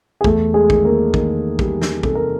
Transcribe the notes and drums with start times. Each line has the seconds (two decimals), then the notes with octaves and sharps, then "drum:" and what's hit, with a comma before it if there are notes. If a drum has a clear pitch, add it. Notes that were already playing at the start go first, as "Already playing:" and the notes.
0.21 G#4
0.24 E2 A3 A4, drum: kick
0.54 G#3 G#4
0.70 D#3, drum: kick
0.85 A#3 A#4
1.14 D#3, drum: kick
1.59 G3, drum: kick
1.82 drum: snare
2.03 C3 A4, drum: kick
2.15 A#4